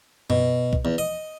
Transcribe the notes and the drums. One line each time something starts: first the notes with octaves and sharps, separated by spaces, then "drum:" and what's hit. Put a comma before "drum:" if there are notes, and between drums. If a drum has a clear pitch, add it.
B2, drum: tom F#2
drum: kick B1
E2
D#5